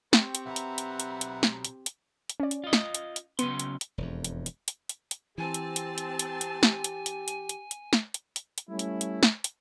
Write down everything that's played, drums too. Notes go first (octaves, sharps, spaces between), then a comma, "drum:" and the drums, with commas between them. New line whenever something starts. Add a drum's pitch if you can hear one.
C4 G4 G5 C#6, drum: snare
drum: hi-hat
B1 B4 E5 F#5 A#5
drum: hi-hat
drum: hi-hat
drum: hi-hat
drum: hi-hat
drum: snare
drum: hi-hat
drum: hi-hat
drum: hi-hat
C#4 D5
drum: hi-hat
F4 D#5
drum: snare
drum: hi-hat
drum: hi-hat
C#3 F#3 B3 C6 C#7 D#7, drum: hi-hat
drum: hi-hat
drum: hi-hat
E1 F2
drum: hi-hat
drum: hi-hat
drum: hi-hat
drum: hi-hat
drum: hi-hat
E3 C4 G4 G#5 A5
drum: hi-hat
drum: hi-hat
drum: hi-hat
drum: hi-hat
drum: hi-hat
drum: snare
drum: hi-hat
drum: hi-hat
drum: hi-hat
drum: hi-hat
drum: hi-hat
drum: snare
drum: hi-hat
drum: hi-hat
drum: hi-hat
G3 A3 C#4 E4
drum: hi-hat
drum: hi-hat
drum: snare
drum: hi-hat